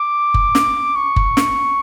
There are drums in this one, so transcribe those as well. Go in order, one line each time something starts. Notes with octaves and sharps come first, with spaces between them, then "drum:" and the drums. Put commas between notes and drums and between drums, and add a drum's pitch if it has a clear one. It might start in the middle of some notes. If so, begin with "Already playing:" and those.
Already playing: D6
drum: kick F#1
drum: snare
C#6
drum: kick F#1
drum: snare